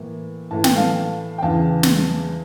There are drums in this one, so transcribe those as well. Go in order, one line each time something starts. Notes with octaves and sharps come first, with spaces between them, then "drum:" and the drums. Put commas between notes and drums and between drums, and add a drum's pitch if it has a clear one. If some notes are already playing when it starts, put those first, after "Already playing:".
Already playing: A2 E3 A#3
A2 E3 A3 A5
G5, drum: snare
F5 A5
G5
E2 C#3 E3 F5 A5
drum: snare